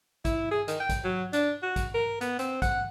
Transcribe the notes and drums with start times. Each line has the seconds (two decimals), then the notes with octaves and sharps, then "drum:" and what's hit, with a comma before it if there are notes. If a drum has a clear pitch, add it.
0.25 E4, drum: kick, hi-hat
0.51 G#4
0.68 D#3, drum: hi-hat
0.80 G5
0.89 drum: kick, hi-hat
1.04 F#3
1.33 D4, drum: hi-hat
1.62 F#4
1.76 drum: kick, hi-hat
1.94 A#4
2.21 B3, drum: hi-hat
2.39 C4, drum: hi-hat
2.62 F#5, drum: kick, hi-hat